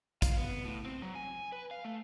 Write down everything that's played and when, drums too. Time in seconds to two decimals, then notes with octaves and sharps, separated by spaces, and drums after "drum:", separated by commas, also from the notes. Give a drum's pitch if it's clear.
0.22 F5, drum: kick, hi-hat
0.37 B3
0.65 A2
0.86 C4
1.02 F#3
1.15 G#5
1.52 B4
1.71 F5
1.85 A3